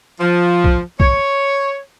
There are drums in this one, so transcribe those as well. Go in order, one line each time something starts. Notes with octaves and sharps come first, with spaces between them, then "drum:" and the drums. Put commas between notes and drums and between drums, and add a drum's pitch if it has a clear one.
F3
drum: kick
C#5, drum: kick